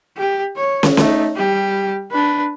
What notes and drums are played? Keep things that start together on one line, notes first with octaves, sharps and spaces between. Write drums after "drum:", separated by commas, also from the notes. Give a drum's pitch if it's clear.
G4
C#5
drum: snare
A3 D#4, drum: snare
G3 G4
D4 B4